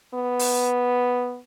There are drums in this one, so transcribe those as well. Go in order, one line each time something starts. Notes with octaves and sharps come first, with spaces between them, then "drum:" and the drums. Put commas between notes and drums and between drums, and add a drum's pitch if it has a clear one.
B3
drum: open hi-hat